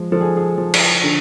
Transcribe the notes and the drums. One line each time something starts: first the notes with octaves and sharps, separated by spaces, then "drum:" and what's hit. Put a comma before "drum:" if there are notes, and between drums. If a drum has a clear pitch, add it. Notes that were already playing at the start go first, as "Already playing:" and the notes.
Already playing: F3 G#3
F3 A4
G#4
G#4
F3
drum: cymbal
D3